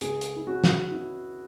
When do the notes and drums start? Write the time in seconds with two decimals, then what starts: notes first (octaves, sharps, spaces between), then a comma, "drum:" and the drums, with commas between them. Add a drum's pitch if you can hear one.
0.01 C#2 G#4, drum: hi-hat
0.21 drum: hi-hat
0.36 E4
0.47 C#4 F#4
0.64 drum: snare
0.91 C#4 E4